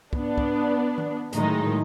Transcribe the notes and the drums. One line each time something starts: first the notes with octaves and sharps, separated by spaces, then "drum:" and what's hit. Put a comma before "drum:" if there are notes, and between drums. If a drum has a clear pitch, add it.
B3 D4, drum: kick
drum: kick
drum: tom D#3
A2 D#3 F#3 G#3 D#4, drum: hi-hat